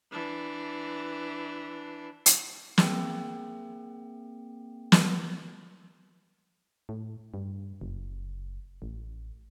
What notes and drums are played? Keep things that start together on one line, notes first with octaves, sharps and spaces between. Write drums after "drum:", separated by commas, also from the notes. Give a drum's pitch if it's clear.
E3 D4
drum: hi-hat
A#3 C4 G#4 G5, drum: snare
drum: snare
A2
G2
F#1
A1